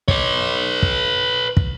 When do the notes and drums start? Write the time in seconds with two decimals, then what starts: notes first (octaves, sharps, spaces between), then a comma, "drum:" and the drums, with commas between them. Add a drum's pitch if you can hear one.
0.08 B4 C#5, drum: kick
0.82 drum: kick
1.57 drum: kick